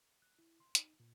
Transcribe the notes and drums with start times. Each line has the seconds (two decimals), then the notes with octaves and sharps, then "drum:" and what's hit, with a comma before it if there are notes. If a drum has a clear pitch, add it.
0.22 F#6
0.39 E4
0.60 C6
0.75 D#4, drum: hi-hat
1.00 A#2